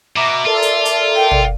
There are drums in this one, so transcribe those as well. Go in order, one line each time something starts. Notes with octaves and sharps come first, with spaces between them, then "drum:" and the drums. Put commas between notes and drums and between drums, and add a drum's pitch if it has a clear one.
B2 E5 A#5 D6
F4 A4 A#4 D5
drum: hi-hat
drum: hi-hat
G5
drum: tom